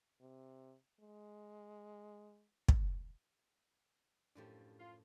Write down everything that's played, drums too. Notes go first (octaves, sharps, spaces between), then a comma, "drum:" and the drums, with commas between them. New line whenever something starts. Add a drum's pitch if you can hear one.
C3
G#3
drum: kick
F#2 A2 F3 D4 G4
F4